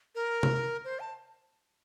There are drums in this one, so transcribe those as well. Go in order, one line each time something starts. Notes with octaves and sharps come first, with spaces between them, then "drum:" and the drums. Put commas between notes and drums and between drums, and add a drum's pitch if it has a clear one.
A#4
drum: tom C3
C5
A5